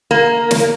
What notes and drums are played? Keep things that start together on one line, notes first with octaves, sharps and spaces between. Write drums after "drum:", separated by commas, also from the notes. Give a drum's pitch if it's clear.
A#3
drum: snare